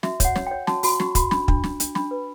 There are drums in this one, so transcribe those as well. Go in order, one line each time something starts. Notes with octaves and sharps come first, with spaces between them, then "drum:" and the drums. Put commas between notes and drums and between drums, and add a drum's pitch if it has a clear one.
F#4 E5, drum: snare
C#5 F#5, drum: kick, hi-hat
C#5, drum: snare
C#5 G5
F#4 A5, drum: snare
F#4 B5, drum: open hi-hat
F#4 C#6, drum: snare
F#4 B5, drum: kick, hi-hat
D4 B5, drum: snare
D4, drum: kick
D4, drum: snare
D4, drum: hi-hat
D4 B5, drum: snare
B4